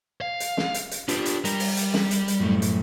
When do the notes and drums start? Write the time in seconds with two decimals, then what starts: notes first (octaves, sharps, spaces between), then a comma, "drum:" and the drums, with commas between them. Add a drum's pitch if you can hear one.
0.21 F5
0.40 drum: hi-hat
0.57 drum: snare
0.74 drum: hi-hat
0.91 drum: hi-hat
1.08 D4 F4 G4 B4, drum: hi-hat
1.26 drum: hi-hat
1.45 G3 A#4, drum: hi-hat
1.60 drum: open hi-hat
1.77 drum: hi-hat
1.94 drum: snare
2.11 drum: hi-hat
2.28 drum: hi-hat
2.40 F#2 A2 A3
2.62 drum: hi-hat